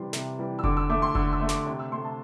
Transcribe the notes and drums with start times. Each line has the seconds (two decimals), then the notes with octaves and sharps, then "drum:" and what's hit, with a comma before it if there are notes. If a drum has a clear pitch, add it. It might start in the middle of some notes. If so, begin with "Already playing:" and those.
Already playing: C3 E3 G3 C6
0.13 C3, drum: snare
0.39 E3 G3
0.59 E6
0.64 D3 D6, drum: kick F1
0.77 E6
0.89 A3 D6
1.02 C6
1.15 D3 E6, drum: kick F1
1.33 E6
1.41 A3
1.49 D6, drum: snare
1.66 C3
1.79 E6
1.92 A3 C6
2.04 A5